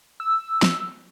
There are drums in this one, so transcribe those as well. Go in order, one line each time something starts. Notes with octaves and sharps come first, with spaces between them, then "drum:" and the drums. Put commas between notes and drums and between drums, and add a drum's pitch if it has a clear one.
E6
drum: snare